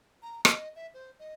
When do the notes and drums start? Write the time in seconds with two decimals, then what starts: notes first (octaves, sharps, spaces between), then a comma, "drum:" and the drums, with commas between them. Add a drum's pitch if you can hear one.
0.22 A#5
0.45 D#5, drum: rim click
0.76 E5
0.94 C5
1.19 D#5